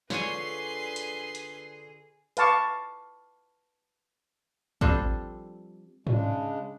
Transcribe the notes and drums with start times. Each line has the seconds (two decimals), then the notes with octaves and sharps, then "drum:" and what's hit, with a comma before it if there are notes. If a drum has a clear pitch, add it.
0.10 D3 F4 G#4 B4 C#5 G#5 C6, drum: snare
0.96 drum: hi-hat
1.35 drum: hi-hat
2.37 B4 F5 A5 C#6 D6, drum: hi-hat
4.81 F3 G3 C4 D4 A4, drum: kick
6.07 C#3 G#3 D4, drum: tom G#2